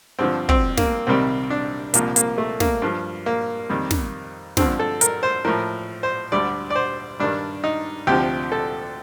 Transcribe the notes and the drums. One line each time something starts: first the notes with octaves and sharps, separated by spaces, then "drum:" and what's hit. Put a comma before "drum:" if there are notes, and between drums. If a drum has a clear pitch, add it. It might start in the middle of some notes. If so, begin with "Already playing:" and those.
G2 D3 F3 C4
C4, drum: kick
A#3, drum: snare
C2 C3 D#3 G3 C4
D4
C2 A#2 F3 A#3, drum: hi-hat
A#3, drum: hi-hat
A3
A#3, drum: snare
G2 F3
A#3
F2 D#3 G3
drum: snare
G2 D3 F3 C4, drum: snare
A4
A#4, drum: hi-hat
C5
A2 F3 A#4
C5
D2 D3 G3 D5
D5
C5
G2 D#3 G3 D4
D#4
D2 C3 F3 G4
A4